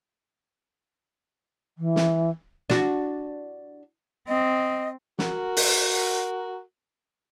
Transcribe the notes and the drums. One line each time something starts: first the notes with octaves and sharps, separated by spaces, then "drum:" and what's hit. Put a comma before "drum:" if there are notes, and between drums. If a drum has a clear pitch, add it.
E3
drum: snare
D4 F#4, drum: snare
C4 D#5
F#4 A#4, drum: snare
drum: open hi-hat